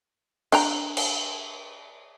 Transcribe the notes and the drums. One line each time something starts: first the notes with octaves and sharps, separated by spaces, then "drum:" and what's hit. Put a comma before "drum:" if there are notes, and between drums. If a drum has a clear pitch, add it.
D4 G5 A#5, drum: cymbal
drum: cymbal